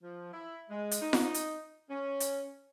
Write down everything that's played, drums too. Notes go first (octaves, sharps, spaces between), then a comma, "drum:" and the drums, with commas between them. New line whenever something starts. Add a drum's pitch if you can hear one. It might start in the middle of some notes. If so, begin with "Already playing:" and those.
F3
E4
G#3
drum: hi-hat
D#4
drum: snare F4
drum: hi-hat
C#4
drum: hi-hat